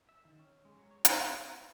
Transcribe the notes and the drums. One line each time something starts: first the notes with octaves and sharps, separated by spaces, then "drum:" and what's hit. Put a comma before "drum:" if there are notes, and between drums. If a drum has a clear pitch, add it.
E5
D#3
C#4
G#3
F#3
C#5
C4, drum: hi-hat
C4
C5
B4